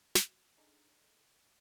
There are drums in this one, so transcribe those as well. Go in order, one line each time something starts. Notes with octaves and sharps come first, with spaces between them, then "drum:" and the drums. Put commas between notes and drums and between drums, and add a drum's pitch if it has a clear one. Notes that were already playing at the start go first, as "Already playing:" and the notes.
F#4 F5, drum: snare
D4 D#4 G#4 A4 D#5 A#5